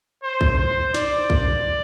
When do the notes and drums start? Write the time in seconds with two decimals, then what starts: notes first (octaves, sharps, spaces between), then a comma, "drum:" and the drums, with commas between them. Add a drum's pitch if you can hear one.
0.23 C5
0.41 drum: kick B1
0.58 C5
0.94 D5, drum: snare
1.30 drum: kick B1